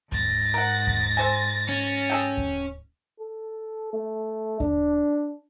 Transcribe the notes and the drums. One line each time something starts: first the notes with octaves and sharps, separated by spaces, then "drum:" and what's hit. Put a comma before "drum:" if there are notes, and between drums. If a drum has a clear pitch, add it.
G#2 A6 A#6, drum: kick D#2
A#4 F#5
drum: kick D#2
A4 C5 G#5
C#4
G#4 A4 G5
drum: kick D#2
A4
A3
D4, drum: kick D#2